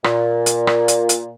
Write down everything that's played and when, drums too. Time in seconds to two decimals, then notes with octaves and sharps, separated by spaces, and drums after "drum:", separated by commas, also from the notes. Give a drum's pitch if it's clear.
0.04 A#2, drum: rim click
0.46 drum: hi-hat
0.67 drum: rim click
0.88 drum: hi-hat
1.09 drum: hi-hat